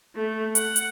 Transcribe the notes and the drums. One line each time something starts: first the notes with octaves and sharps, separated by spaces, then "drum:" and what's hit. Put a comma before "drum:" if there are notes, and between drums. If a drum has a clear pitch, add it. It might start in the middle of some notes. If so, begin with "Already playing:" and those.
A3
F#5, drum: hi-hat
drum: hi-hat